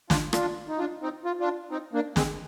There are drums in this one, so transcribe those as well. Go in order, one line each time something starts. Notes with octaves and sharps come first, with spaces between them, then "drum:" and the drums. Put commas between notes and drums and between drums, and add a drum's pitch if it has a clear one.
D4 F4, drum: snare
D4 F4, drum: rim click
D#4
D4 F4
C4 D#4
F4
D4 F4
C4 D#4
A#3 D4
G#3 C4, drum: snare